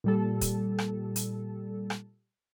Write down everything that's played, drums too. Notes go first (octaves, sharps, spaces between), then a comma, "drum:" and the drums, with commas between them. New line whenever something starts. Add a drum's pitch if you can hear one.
A#2 G3 A4
drum: kick, hi-hat
drum: rim click
drum: hi-hat
drum: rim click